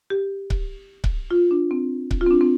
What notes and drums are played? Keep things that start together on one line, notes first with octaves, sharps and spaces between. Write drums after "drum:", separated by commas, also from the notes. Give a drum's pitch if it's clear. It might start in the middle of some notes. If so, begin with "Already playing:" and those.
G4
drum: kick C#1
drum: kick C#1
F4
D4
C4
drum: kick C#1
F4
C4
D4
C4